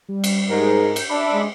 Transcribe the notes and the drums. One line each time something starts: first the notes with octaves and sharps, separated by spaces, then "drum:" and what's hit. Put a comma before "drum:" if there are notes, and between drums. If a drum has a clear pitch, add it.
G3
drum: cymbal
G#2 A#4
G6, drum: cymbal
D4 E5 B5 D6
G#3